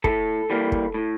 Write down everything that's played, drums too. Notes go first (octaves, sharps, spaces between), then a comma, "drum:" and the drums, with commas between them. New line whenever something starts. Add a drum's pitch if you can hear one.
A2 A4, drum: kick
E3 G3 A#3
drum: kick
A2